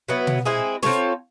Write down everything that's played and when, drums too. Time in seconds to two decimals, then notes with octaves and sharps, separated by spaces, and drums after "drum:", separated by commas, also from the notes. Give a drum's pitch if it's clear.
0.09 F#3 B3 E4
0.27 drum: tom B2
0.45 G#3 C4 E4 G#4
0.83 C4 F4 A4 C#5, drum: snare